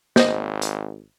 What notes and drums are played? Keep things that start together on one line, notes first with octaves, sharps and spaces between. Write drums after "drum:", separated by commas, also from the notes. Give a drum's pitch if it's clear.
G#1 C5 D#5, drum: snare
drum: hi-hat